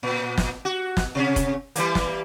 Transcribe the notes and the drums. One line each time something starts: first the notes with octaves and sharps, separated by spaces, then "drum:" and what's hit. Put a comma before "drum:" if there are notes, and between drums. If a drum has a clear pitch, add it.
A#2
drum: snare
F#4
drum: snare
C3 C#4
drum: kick, hi-hat
E3 G3 A#3, drum: hi-hat
drum: snare